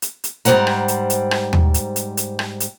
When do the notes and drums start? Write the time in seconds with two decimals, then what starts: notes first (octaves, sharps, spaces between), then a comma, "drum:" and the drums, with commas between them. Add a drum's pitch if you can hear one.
0.02 drum: hi-hat
0.24 drum: hi-hat
0.45 G#2 G3 G#3 C5 F#5 A#5, drum: hi-hat
0.67 drum: rim click
0.88 drum: hi-hat
1.10 drum: hi-hat
1.31 drum: rim click
1.53 drum: tom
1.74 drum: hi-hat
1.96 drum: hi-hat
2.17 drum: hi-hat
2.39 drum: rim click
2.60 drum: hi-hat